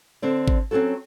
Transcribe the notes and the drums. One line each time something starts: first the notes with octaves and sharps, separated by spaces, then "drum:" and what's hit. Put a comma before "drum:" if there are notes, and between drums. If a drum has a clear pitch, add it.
D3 C4 D4
drum: kick G#1
F#3 C4 C#4 F#4 A4